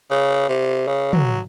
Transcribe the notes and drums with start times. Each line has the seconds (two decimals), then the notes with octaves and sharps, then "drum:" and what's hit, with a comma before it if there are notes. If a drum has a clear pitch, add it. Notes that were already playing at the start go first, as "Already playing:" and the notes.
0.11 C#3
0.49 C3
0.87 C#3
1.13 F#3, drum: tom